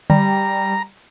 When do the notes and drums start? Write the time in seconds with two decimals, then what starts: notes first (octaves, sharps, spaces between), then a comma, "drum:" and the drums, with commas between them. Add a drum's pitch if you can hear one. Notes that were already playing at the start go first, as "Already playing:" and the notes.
0.10 G3 A#5, drum: tom D3